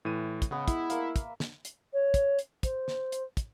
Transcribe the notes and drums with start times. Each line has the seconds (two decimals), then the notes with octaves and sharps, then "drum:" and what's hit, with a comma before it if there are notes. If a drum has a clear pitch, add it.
0.05 A2 E3 D#7
0.42 drum: kick, hi-hat
0.51 C#3 G#3 B3 F#5
0.68 E4, drum: kick, hi-hat
0.90 A#3 E5 F5, drum: hi-hat
1.16 drum: kick, hi-hat
1.40 drum: snare
1.65 drum: hi-hat
1.93 C#5
2.14 drum: kick, hi-hat
2.39 drum: hi-hat
2.63 C5, drum: kick, hi-hat
2.88 drum: snare
3.12 drum: hi-hat
3.37 drum: kick, hi-hat